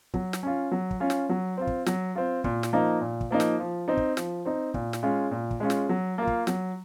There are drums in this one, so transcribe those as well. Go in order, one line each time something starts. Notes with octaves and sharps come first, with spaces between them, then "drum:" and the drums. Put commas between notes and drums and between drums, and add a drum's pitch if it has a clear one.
F#3, drum: kick
drum: snare
C#4 F4
F#3
drum: kick
C#4 F4
drum: snare
F#3
C4 F4
drum: kick
F#3, drum: snare
C4 F4
A#2, drum: kick
drum: snare
F3 A#3 D#4
A#2
drum: kick
F3 A#3 D#4
drum: snare
F3
C4 D#4
drum: kick
F3, drum: snare
C4 D#4
A#2, drum: kick
drum: snare
G#3 C#4 F4
A#2
drum: kick
G#3 C#4 F4
drum: snare
F#3
A#3 F4
drum: kick
F#3, drum: snare